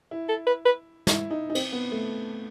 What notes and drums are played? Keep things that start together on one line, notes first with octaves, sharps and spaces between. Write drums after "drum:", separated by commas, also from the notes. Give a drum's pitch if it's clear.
E4
A4
B4
B4
E4, drum: snare
D#4
D#4
C4, drum: cymbal
B3
A3